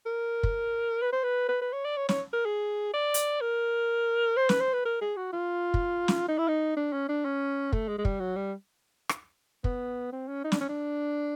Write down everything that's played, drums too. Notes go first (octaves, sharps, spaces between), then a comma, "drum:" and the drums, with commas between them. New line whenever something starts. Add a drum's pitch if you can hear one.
A#4
drum: kick
B4
C5
B4
B4
B4
C#5
D5
C#5
C#5, drum: snare
A#4
G#4
D5
drum: hi-hat
A#4
C5
B4, drum: snare
C5
B4
A#4
G#4
F#4
F4
drum: kick
drum: snare
D#4
E4
D#4
D4
C#4
D4
C#4
A3, drum: kick
G#3
G#3
G3, drum: kick
F#3
G3
drum: rim click
B3, drum: kick
C4
C#4
D#4
D4, drum: snare
C#4
D4